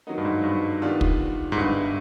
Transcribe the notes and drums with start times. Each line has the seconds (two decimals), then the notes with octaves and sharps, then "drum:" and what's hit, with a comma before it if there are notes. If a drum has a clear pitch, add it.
0.07 D#3 F#3 B3 D#4
0.18 G2
0.25 G#2
0.44 G2
0.82 D#3 G3 B3 D4 F4
1.01 drum: kick
1.52 G#2
1.58 G2 D3 G3 B3 E4